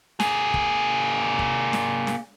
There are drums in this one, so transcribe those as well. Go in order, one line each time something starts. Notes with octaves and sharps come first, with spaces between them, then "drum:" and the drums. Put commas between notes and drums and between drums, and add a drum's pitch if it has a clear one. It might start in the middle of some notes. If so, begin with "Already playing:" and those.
A#3 G#4, drum: snare
drum: kick
drum: kick
drum: snare
drum: snare